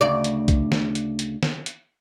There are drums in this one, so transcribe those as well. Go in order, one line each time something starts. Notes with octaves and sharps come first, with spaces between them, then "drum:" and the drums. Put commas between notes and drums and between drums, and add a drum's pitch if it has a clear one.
D2 C#3 D5
drum: hi-hat
drum: kick, hi-hat
drum: snare
drum: hi-hat
drum: hi-hat
drum: snare
drum: hi-hat